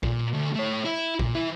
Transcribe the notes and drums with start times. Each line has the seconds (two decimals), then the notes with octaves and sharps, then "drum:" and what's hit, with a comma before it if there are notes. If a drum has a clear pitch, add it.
0.03 A#2, drum: kick
0.33 D2
0.55 A3 C#5
0.85 E4
1.19 A#2, drum: kick
1.34 E3 E4